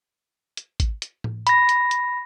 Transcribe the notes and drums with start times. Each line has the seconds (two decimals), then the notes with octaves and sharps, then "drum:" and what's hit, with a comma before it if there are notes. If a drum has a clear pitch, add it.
0.57 drum: hi-hat
0.80 drum: kick, hi-hat
1.02 drum: hi-hat
1.24 drum: tom A2
1.47 B5 A#6, drum: hi-hat
1.69 drum: hi-hat
1.91 drum: hi-hat